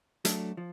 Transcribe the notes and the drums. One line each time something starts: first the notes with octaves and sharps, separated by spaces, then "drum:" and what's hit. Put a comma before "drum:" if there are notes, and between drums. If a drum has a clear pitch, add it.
F#3 A3 D4, drum: hi-hat
F3